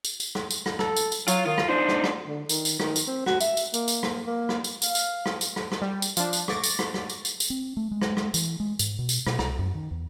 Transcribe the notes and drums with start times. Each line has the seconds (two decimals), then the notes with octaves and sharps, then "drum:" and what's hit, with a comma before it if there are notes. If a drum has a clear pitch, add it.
0.05 drum: tambourine
0.20 drum: tambourine
0.35 drum: rim click
0.51 drum: tambourine
0.66 drum: rim click
0.79 A4, drum: rim click
0.96 drum: tambourine
1.12 drum: tambourine
1.28 F#3 F4, drum: tambourine
1.46 D#3 F4
1.58 drum: rim click
1.69 D4 D#4 C5
1.88 drum: rim click
2.04 drum: rim click
2.27 D3
2.49 D#3, drum: tambourine
2.65 drum: tambourine
2.80 D#3, drum: rim click
2.96 drum: tambourine
3.07 C4
3.26 F#4, drum: rim click
3.41 E5, drum: tambourine
3.57 drum: tambourine
3.74 A#3, drum: tambourine
3.88 drum: tambourine
4.03 drum: rim click
4.27 A#3
4.49 drum: rim click
4.64 drum: tambourine
4.82 F5, drum: tambourine
4.95 drum: tambourine
5.26 drum: rim click
5.41 drum: tambourine
5.56 drum: rim click
5.72 drum: rim click
5.82 G3
6.02 drum: tambourine
6.17 F3 D4, drum: tambourine
6.33 drum: tambourine
6.48 C#6 D6 A6 A#6, drum: rim click
6.64 drum: tambourine
6.79 drum: rim click
6.94 drum: rim click
7.10 drum: tambourine
7.25 drum: tambourine
7.40 drum: tambourine
7.50 C4
7.77 A3
7.91 G#3
8.02 drum: rim click
8.17 drum: rim click
8.34 E3, drum: tambourine
8.60 G#3
8.79 G#2, drum: tambourine
8.99 B2
9.09 drum: tambourine
9.27 B2, drum: rim click
9.39 C2, drum: rim click
9.59 F#2
9.75 D#3
9.91 E2